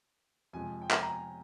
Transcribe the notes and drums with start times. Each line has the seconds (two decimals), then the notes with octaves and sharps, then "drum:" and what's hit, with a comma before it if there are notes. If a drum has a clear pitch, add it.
0.53 F2 C3 F3 G#3 G#5
0.82 G5
0.91 drum: clap
1.03 A#5
1.08 G#5